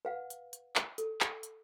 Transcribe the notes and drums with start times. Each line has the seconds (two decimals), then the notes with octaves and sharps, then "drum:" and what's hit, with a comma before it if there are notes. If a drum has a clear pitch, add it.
0.05 B4 F5 F#5
0.30 drum: hi-hat
0.53 drum: hi-hat
0.76 drum: clap
0.98 A4, drum: hi-hat
1.21 drum: clap
1.43 drum: hi-hat